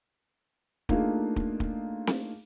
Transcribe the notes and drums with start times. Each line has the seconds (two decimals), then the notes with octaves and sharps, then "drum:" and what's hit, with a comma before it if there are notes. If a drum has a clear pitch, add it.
0.89 A3 A#3 D4 D#4 F4 G#4, drum: kick
1.36 drum: kick
1.60 drum: kick
2.07 drum: snare C4